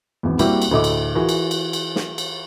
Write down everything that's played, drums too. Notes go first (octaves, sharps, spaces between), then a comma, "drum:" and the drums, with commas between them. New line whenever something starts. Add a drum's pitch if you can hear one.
G#1 E2
G3 A#3 C4 E4 F#4, drum: cymbal
drum: cymbal
D2 A2 A4 D#5 E5 D6
drum: cymbal
E3 F4 F#4 G#4 A#4
drum: cymbal
drum: cymbal
drum: cymbal
drum: snare
drum: cymbal